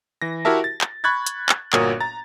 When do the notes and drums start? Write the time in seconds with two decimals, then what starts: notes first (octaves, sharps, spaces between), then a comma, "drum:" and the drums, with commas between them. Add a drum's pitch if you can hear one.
0.22 E3 A#6
0.45 E4 F#4 G4 A#4 E5 A5
0.64 A6
0.81 drum: clap
1.04 B5 C#6 F#6 G#6 A6
1.26 drum: hi-hat
1.49 drum: clap
1.73 G1 A#2 F#4 A#4 C#5 D#6, drum: clap
2.00 A#5 A6